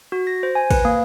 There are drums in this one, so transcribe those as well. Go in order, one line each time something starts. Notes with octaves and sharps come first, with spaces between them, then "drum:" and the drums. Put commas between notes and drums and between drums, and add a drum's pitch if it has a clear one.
F#4
A#6
C5
G#5
B4, drum: kick, cymbal
A#3